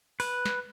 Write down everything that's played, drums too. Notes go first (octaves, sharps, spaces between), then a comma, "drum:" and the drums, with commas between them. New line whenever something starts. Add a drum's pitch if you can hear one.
B4, drum: open hi-hat
drum: snare